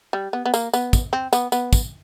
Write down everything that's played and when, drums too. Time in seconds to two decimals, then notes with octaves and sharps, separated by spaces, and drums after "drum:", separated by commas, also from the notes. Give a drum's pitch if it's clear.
0.13 G3
0.33 B3
0.45 B3
0.54 A#3, drum: tambourine
0.74 B3, drum: tambourine
0.93 drum: kick, tambourine
1.13 C4
1.33 B3, drum: tambourine
1.52 B3, drum: tambourine
1.73 drum: kick, tambourine